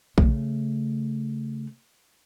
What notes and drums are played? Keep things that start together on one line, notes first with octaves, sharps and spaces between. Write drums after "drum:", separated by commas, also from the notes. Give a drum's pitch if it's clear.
C#3 A3, drum: kick